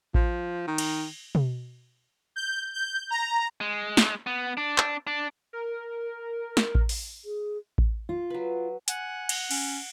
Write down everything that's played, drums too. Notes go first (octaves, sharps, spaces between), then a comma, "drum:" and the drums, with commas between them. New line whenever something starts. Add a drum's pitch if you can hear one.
F3, drum: kick A1
D#3
drum: cymbal
drum: tom B2
G6
G6
A#5
G#3
drum: snare
B3
D4
drum: clap
D4
A#4
drum: snare
drum: kick A1
drum: open hi-hat
G#4
drum: kick A1
F4
F#3 B4
F#5 G#5, drum: hi-hat
drum: cymbal
C#4, drum: cymbal